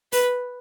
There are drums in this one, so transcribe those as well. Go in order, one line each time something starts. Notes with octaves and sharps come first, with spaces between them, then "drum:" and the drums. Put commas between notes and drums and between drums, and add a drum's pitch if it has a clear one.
B4, drum: open hi-hat